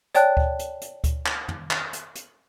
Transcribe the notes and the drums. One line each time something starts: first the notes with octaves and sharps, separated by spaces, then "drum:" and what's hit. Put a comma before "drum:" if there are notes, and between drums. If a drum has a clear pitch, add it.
C#5 D5 G5 A5 F#6, drum: hi-hat
drum: kick D2
drum: hi-hat
drum: hi-hat
drum: kick D2, hi-hat
drum: clap
drum: tom
drum: clap
drum: hi-hat
drum: hi-hat